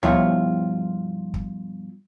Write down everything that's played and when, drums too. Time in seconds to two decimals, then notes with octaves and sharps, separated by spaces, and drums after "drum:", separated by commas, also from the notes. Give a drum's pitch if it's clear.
0.03 G2 B2 F3 E4 F4 C#5, drum: tom C#2
1.34 drum: kick